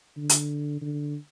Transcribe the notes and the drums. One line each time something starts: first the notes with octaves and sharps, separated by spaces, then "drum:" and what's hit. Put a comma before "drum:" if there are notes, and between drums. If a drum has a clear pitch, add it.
D3
drum: hi-hat
D3